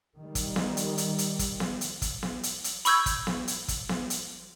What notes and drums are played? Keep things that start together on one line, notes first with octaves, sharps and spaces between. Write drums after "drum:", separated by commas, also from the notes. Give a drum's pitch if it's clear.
D#3 G3
drum: kick, hi-hat
drum: snare B3
drum: hi-hat
drum: hi-hat
drum: hi-hat
drum: kick, hi-hat
drum: snare B3
drum: hi-hat
drum: kick, hi-hat
drum: snare B3
drum: hi-hat
drum: hi-hat
B5 C#6 E6 G6 G#6, drum: hi-hat
drum: kick, hi-hat
drum: snare B3
drum: hi-hat
drum: kick, hi-hat
drum: snare B3
drum: hi-hat